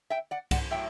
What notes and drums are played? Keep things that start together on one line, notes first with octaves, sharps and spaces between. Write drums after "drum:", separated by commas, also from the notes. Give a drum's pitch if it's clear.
E5 G5
D5 F#5
D5 F#5, drum: kick C2, cymbal
A2 F#3 E5 G5